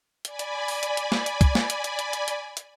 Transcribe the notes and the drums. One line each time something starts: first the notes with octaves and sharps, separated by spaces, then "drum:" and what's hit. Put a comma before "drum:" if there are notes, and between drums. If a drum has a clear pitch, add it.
D5 G#5 B5, drum: hi-hat
drum: hi-hat
drum: open hi-hat
drum: hi-hat
drum: hi-hat
drum: snare
drum: hi-hat
drum: kick, hi-hat
drum: snare
drum: hi-hat
drum: hi-hat
drum: hi-hat
drum: hi-hat
drum: hi-hat
drum: hi-hat